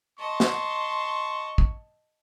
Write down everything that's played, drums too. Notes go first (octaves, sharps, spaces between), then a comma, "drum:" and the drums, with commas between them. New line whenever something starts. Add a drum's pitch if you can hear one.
D#5 A5 C6 C#6
drum: snare
drum: kick